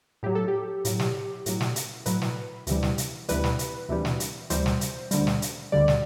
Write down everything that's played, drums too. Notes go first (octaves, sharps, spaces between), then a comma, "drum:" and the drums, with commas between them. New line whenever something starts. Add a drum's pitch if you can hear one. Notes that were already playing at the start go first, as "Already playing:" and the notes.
A2 F#3 G4
A4
G4
A2 F#3, drum: hi-hat
drum: snare
A2 F#3, drum: hi-hat
drum: snare
drum: hi-hat
A2 F#3 B4, drum: hi-hat
drum: snare
D2 C3 E3 G3, drum: hi-hat
drum: snare
drum: hi-hat
D2 C3 E3 G3 B4, drum: hi-hat
drum: snare
drum: hi-hat
D2 C3 E3 G3
drum: snare
drum: hi-hat
D2 C3 E3 G3 C5, drum: hi-hat
drum: snare
drum: hi-hat
D2 D3 G3, drum: hi-hat
drum: snare
drum: hi-hat
D2 D3 G3 D5
drum: snare